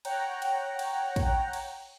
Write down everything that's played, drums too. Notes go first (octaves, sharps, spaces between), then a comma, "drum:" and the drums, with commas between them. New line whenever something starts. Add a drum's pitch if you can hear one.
C#5 F#5 G5 A#5, drum: cymbal
drum: cymbal
drum: cymbal
drum: kick, cymbal
drum: cymbal